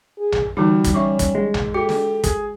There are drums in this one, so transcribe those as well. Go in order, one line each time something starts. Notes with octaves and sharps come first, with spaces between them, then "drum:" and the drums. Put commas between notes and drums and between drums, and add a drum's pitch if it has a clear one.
G#4
drum: tom A#1
D3 E3 G3 D#4 F#4
drum: kick, hi-hat
C#4 E5 C#6 D6
drum: kick, hi-hat
G#3
drum: tom A#1
F#4 G4 A4
drum: snare
G#4, drum: kick, hi-hat